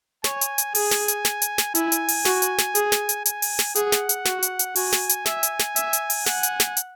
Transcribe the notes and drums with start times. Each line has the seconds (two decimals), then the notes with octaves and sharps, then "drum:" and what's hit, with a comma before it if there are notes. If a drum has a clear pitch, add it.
0.24 C#5 G#5, drum: snare
0.41 drum: hi-hat
0.58 drum: hi-hat
0.75 G#4 G#5, drum: open hi-hat
0.91 drum: snare
1.08 drum: hi-hat
1.25 drum: snare
1.42 drum: hi-hat
1.58 drum: snare
1.75 E4 G#5, drum: hi-hat
1.92 drum: hi-hat
2.08 drum: open hi-hat
2.25 F#4, drum: snare
2.42 drum: hi-hat
2.59 drum: snare
2.75 G#4, drum: hi-hat
2.92 drum: snare
3.09 drum: hi-hat
3.26 G#5, drum: hi-hat
3.42 drum: open hi-hat
3.59 drum: snare
3.75 G#4 F#5, drum: hi-hat
3.92 drum: snare
4.09 drum: hi-hat
4.26 F#4, drum: snare
4.42 drum: hi-hat
4.59 drum: hi-hat
4.75 F#4 G#5, drum: open hi-hat
4.93 drum: snare
5.09 drum: hi-hat
5.26 E5 G#5, drum: snare
5.43 drum: hi-hat
5.60 drum: snare
5.76 E5, drum: hi-hat
5.93 drum: hi-hat
6.10 drum: open hi-hat
6.26 F#5 G#5, drum: snare
6.43 drum: hi-hat
6.60 drum: snare
6.77 drum: hi-hat